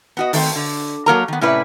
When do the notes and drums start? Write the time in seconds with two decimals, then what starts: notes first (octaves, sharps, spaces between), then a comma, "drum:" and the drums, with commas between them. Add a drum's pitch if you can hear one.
0.17 B3 F#4 D#5
0.33 D#3 A3 C4, drum: open hi-hat
0.56 D3
1.06 F#3 A#3 A#4 A#5
1.28 D#3 B3
1.41 A2 C3 C#4 E4 B4 D5